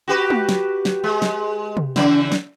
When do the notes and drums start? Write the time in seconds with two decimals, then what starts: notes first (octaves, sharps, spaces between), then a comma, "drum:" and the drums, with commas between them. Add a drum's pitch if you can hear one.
0.08 F#4 G4 B4
0.30 drum: tom G#3
0.49 drum: snare
0.85 drum: snare
1.04 G#3
1.22 drum: snare
1.77 drum: tom C3
1.96 C#3 E3, drum: snare
2.32 drum: snare